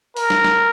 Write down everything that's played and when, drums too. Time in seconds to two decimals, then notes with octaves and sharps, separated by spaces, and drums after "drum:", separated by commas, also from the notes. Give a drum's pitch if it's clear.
0.17 A#4, drum: open hi-hat
0.30 drum: snare
0.44 drum: snare